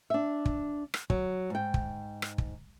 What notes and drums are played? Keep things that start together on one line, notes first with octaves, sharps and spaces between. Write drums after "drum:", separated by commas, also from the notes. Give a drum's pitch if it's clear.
D4 E5
drum: kick
drum: rim click
F#3, drum: kick
G#2 G5
drum: kick
drum: rim click
drum: kick